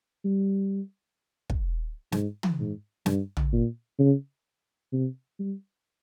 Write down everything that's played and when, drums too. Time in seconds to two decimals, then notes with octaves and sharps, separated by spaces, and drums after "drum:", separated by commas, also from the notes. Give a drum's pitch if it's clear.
0.24 G3
1.50 drum: kick
2.12 G#2, drum: snare
2.43 drum: tom
2.59 G#2
3.06 G2, drum: snare
3.37 drum: tom
3.52 A#2
3.99 C#3
4.93 C3
5.39 G3